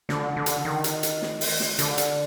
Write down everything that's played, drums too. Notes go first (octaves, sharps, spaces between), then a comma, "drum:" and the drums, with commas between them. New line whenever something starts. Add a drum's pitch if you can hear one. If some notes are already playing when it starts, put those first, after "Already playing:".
D3, drum: snare
D3
drum: hi-hat
D#3
drum: hi-hat
drum: hi-hat
drum: snare
drum: open hi-hat
drum: snare
D3, drum: hi-hat
drum: hi-hat